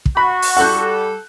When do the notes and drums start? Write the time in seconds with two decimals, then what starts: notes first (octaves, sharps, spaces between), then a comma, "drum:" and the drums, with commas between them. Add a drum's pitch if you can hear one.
0.06 drum: kick
0.17 F#4 B5
0.42 drum: open hi-hat
0.57 G3 A4 F#5 F#6 G6